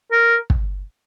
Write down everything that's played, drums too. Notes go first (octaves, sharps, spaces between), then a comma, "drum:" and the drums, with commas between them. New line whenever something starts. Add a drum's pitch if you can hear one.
A#4
drum: kick